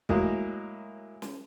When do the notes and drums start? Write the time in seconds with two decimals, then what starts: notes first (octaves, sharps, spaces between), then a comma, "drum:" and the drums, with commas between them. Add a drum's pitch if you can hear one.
0.09 A2 F#3 G#3 A#3 D#5, drum: kick
1.22 drum: snare